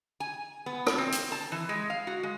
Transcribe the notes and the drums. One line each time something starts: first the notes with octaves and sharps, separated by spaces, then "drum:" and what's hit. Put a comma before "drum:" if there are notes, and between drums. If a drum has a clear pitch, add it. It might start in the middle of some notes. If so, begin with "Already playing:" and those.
G#5
B3
drum: rim click
C4
drum: hi-hat
A5
E3
G#3
F5
F#4
G#3